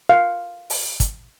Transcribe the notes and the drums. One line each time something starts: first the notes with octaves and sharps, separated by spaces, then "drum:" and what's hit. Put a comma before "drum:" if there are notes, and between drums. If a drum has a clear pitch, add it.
F5
drum: open hi-hat
drum: kick, hi-hat